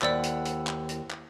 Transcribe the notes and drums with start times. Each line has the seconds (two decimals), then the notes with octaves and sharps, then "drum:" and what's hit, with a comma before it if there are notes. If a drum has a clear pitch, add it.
0.02 D#2 E4 C5 D5 F#5 E6, drum: clap
0.23 drum: hi-hat
0.45 drum: hi-hat
0.67 drum: clap
0.89 drum: hi-hat
1.11 drum: clap